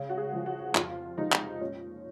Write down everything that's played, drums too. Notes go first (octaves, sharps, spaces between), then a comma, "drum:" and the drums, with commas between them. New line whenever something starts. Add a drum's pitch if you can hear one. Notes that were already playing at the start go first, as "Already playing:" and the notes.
Already playing: C#3
F#4
G#4
F3 G#3
F#4
F2 F4, drum: clap
C3 F3 G#3 D#4
drum: clap
A#2 C#4